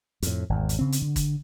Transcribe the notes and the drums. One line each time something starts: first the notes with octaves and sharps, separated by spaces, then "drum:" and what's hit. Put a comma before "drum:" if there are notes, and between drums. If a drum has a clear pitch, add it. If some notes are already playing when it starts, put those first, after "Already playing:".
F2 A2, drum: hi-hat
G#1 E2
drum: hi-hat
C#3 C4
drum: hi-hat
D3
drum: kick, hi-hat